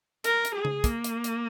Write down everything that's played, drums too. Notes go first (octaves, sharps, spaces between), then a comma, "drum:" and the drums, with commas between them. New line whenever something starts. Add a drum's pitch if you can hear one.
A#4, drum: hi-hat
drum: hi-hat
G#4
drum: tom C#3
A#3, drum: kick, hi-hat
drum: hi-hat
drum: hi-hat